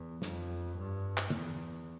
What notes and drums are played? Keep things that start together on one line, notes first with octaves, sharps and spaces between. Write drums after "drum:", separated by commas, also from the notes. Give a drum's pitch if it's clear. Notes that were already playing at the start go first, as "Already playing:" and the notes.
Already playing: E2
F2, drum: snare
G2
drum: clap
E2, drum: tom